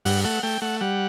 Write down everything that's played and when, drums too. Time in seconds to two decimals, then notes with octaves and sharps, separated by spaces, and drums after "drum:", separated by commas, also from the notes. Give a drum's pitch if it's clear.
0.05 G2 F#5, drum: open hi-hat
0.24 A3 F#5
0.43 A3 G5
0.62 A3 F#5
0.81 G3 F#5